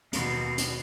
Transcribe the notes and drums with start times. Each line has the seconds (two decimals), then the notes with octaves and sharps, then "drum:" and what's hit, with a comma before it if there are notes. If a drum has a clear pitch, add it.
0.13 D#2 B2, drum: hi-hat
0.58 drum: hi-hat